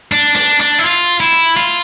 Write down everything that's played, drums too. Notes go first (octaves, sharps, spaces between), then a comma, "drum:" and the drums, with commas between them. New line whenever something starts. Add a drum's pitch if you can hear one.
D4, drum: hi-hat
D4, drum: open hi-hat
D4, drum: hi-hat
E4
F4
E4
drum: hi-hat
F4, drum: hi-hat